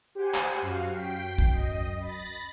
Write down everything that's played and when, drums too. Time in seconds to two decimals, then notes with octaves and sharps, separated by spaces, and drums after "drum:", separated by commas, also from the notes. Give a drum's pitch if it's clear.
0.15 G4 C5 F#5 G#5
0.34 drum: clap
0.62 F#2 F#4 F5
0.91 G5 B6 C7
1.38 drum: kick
1.53 D#5
2.00 B5 A6 A#6